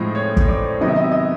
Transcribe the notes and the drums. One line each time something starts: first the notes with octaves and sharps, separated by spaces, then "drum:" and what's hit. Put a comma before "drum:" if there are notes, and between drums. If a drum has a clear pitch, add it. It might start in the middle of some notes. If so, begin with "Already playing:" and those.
Already playing: A2 F3 G#3 C4 D#4
C#5
drum: kick
D5
C3 D#3 F#3 B3 D#5
E5
D#5
E5
D#5